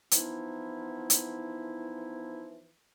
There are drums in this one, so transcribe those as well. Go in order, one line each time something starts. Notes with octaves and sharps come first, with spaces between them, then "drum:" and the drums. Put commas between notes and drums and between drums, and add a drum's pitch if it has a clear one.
E3 F3 B3 D#4 E4, drum: hi-hat
drum: hi-hat